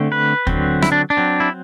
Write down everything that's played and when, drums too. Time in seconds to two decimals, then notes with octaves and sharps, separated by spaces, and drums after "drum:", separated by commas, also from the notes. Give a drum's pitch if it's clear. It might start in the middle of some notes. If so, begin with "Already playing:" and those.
Already playing: D3 A3 C4
0.12 B4
0.47 D3 F#3 C4, drum: kick
0.82 E4, drum: rim click
0.92 D4
1.10 D4
1.17 F#3 C4
1.40 E4